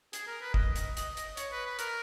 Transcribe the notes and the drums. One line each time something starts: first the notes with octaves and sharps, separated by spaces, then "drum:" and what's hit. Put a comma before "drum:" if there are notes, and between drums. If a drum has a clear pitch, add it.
G#4, drum: hi-hat
A#4
B4
D#5, drum: kick
D#5, drum: hi-hat
D#5, drum: hi-hat
drum: hi-hat
C#5, drum: hi-hat
B4
B4
A#4, drum: hi-hat